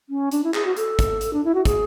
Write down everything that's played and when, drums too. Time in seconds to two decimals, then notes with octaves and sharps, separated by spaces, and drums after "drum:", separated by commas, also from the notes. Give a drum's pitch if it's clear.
0.09 C#4
0.32 D4, drum: hi-hat
0.44 E4
0.54 G#4, drum: clap
0.65 F#4
0.77 A4, drum: hi-hat
0.99 drum: kick, hi-hat
1.21 drum: hi-hat
1.33 D4
1.44 E4
1.54 F#4
1.65 G#4, drum: kick, hi-hat